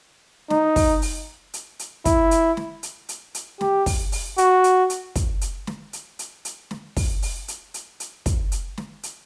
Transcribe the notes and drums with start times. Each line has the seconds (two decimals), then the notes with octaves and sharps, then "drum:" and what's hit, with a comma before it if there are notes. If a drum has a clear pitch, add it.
0.50 D#4, drum: snare
0.76 drum: kick, open hi-hat
1.02 drum: open hi-hat
1.54 drum: hi-hat
1.79 drum: hi-hat
2.05 E4, drum: kick, hi-hat
2.31 drum: hi-hat
2.57 drum: snare
2.83 drum: hi-hat
3.09 drum: hi-hat
3.35 drum: hi-hat
3.61 G4, drum: snare
3.86 drum: kick, open hi-hat
4.12 drum: open hi-hat
4.38 F#4, drum: hi-hat
4.64 drum: hi-hat
4.90 drum: hi-hat
5.16 drum: kick, hi-hat
5.41 drum: hi-hat
5.67 drum: snare
5.93 drum: hi-hat
6.19 drum: hi-hat
6.45 drum: hi-hat
6.71 drum: snare
6.97 drum: kick, open hi-hat
7.22 drum: open hi-hat
7.48 drum: hi-hat
7.74 drum: hi-hat
8.00 drum: hi-hat
8.26 drum: kick, hi-hat
8.52 drum: hi-hat
8.78 drum: snare
9.03 drum: hi-hat